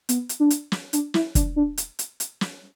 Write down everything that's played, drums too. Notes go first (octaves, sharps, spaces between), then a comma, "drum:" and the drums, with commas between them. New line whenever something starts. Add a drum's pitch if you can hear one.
B3, drum: hi-hat
drum: hi-hat
D4
drum: hi-hat
drum: snare
D4, drum: hi-hat
E4, drum: snare
D4, drum: kick, hi-hat
D4
drum: hi-hat
drum: hi-hat
drum: hi-hat
drum: snare